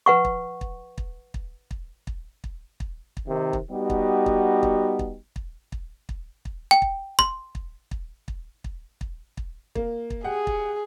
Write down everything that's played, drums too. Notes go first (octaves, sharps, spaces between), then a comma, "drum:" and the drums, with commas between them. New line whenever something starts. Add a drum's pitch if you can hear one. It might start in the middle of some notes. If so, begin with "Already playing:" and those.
B4 F#5 C#6
drum: kick
drum: kick
drum: kick
drum: kick
drum: kick
drum: kick
drum: kick
drum: kick
drum: kick
C3 D#3
drum: kick
G3 B3 D#4 F#4 G4
drum: kick
drum: kick
drum: kick
drum: kick
drum: kick
drum: kick
drum: kick
drum: kick
G5
drum: kick
C6, drum: kick
drum: kick
drum: kick
drum: kick
drum: kick
drum: kick
drum: kick
A#3, drum: kick
drum: kick
G4 G#4 F#5
drum: kick